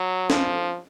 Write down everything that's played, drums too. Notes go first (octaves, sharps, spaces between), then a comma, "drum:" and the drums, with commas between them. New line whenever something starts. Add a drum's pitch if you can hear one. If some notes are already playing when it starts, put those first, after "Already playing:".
Already playing: F#3
F3, drum: snare